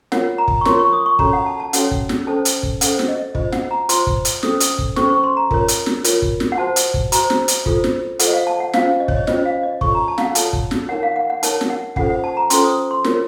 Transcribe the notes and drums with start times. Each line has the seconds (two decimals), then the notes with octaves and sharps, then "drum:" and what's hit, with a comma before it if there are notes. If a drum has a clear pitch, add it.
0.12 F4 A#4 C#5 F#5, drum: snare
0.38 A#5
0.48 drum: kick
0.61 C#6
0.65 F4 A#4 C#5 C6, drum: snare
0.79 C#6
0.93 D#6
1.06 C#6
1.19 C#4 F#4 A4 C#5 A#5, drum: kick
1.33 F#5
1.46 A5
1.60 A5
1.73 C#4 F#4 A4 C#5 F#5, drum: hi-hat
1.91 drum: kick
2.09 drum: snare
2.27 C#4 A4 C5 A5
2.45 drum: hi-hat
2.63 drum: kick
2.81 C#4 A4 C5 F#5, drum: hi-hat
2.99 drum: snare
3.08 D#5
3.35 F4 C5 D#5, drum: kick
3.52 F#5, drum: snare
3.71 A#5
3.89 F4 C5 C6, drum: hi-hat
4.07 drum: kick
4.25 drum: hi-hat
4.43 C#4 A4 C5 D#6, drum: snare
4.60 D#6, drum: hi-hat
4.79 drum: kick
4.96 C#4 A4 C5 C#6, drum: snare
5.10 C#6
5.24 C6
5.37 A#5
5.51 F4 A#4 C#5, drum: kick
5.68 drum: hi-hat
5.86 drum: snare
6.04 F4 A#4 C#5, drum: hi-hat
6.22 drum: kick
6.40 drum: snare
6.52 F#5
6.58 F#4 C5 A5
6.76 drum: hi-hat
6.94 drum: kick
7.12 F#4 C5 A#5, drum: hi-hat
7.30 drum: snare
7.48 drum: hi-hat
7.66 F4 A4 C5, drum: kick
7.84 drum: snare
8.19 F4 A4 C5 F#5, drum: hi-hat
8.27 D#5
8.33 F5
8.47 A5
8.60 F#5
8.73 C#4 F4 C5 F5, drum: snare
9.00 D#5
9.08 C#5, drum: kick
9.17 D#5
9.27 C#4 F4 C5 D#5, drum: snare
9.45 F5
9.63 D#5
9.81 F4 A4 C#5 C#6, drum: kick
9.95 A#5
10.08 A5
10.18 F5, drum: snare
10.21 F#5
10.35 F4 A4 C#5 A5, drum: hi-hat
10.53 drum: kick
10.71 drum: snare
10.89 D#4 A#4 C#5 F#5
11.03 F5
11.16 F#5
11.30 F#5
11.43 D#4 A#4 C#5 A5, drum: hi-hat
11.61 drum: snare
11.70 F#5
11.96 C#4 F4 A4 C5 F#5, drum: kick
12.10 F#5
12.24 A5
12.37 A#5
12.50 C#4 F4 A4 C5 C6, drum: hi-hat
12.64 D#6
12.91 C6
13.04 F4 A#4 C#5, drum: snare